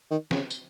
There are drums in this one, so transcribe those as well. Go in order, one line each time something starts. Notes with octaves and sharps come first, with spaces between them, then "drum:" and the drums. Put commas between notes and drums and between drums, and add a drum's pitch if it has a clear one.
D#3
C#3, drum: snare
drum: tambourine